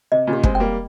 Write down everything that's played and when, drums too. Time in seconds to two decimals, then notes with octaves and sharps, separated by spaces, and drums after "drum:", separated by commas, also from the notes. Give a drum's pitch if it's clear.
0.12 C3 D#5
0.27 A#2 C#3
0.33 G4
0.43 G#3 C4, drum: kick
0.55 G5
0.60 G3 A#3